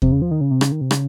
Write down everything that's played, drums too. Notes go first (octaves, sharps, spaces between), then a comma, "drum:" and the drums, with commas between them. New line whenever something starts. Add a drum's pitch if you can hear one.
C3, drum: kick E2
C#3
F3
D#3
C#3
C3
C#3, drum: rim click
D#3
C3
C#3, drum: rim click